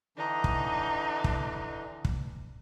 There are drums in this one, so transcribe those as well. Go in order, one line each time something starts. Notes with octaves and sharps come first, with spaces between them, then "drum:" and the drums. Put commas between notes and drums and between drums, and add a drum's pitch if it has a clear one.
D3 E3 D4 D#4
drum: kick
drum: kick
drum: kick